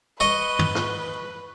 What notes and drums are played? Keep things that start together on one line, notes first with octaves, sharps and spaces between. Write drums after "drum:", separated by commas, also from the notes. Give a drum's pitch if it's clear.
B4 D#5 C#6 G7, drum: hi-hat
drum: tom
drum: rim click